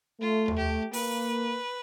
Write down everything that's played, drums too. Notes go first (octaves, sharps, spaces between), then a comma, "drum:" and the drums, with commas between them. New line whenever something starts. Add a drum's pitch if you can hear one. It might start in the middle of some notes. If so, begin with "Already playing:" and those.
A3 F4
drum: tom D#2
G4
A#3 B4, drum: open hi-hat